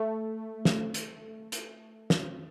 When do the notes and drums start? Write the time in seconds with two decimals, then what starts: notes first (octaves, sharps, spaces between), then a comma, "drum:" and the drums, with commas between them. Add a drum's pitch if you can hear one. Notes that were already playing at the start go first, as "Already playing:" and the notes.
Already playing: A3
0.65 drum: snare
0.94 drum: hi-hat
1.52 drum: hi-hat
2.10 drum: snare